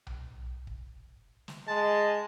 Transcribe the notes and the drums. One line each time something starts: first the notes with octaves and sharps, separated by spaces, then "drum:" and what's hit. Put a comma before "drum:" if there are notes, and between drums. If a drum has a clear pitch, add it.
drum: tom B1
drum: kick
drum: snare
G#3 A5